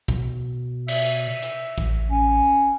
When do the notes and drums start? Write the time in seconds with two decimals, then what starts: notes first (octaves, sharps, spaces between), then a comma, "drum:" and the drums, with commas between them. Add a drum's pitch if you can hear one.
0.08 B2, drum: kick
0.88 E5, drum: cymbal
1.42 drum: hi-hat
1.78 A1, drum: kick
2.10 C#4